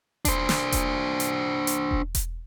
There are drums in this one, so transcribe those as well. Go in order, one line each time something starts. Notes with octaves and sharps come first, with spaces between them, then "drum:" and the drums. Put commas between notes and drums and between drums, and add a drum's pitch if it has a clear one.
D4 C5, drum: kick E1, hi-hat
drum: snare
drum: kick E1, hi-hat
drum: hi-hat
drum: hi-hat
drum: kick E1
drum: kick E1, hi-hat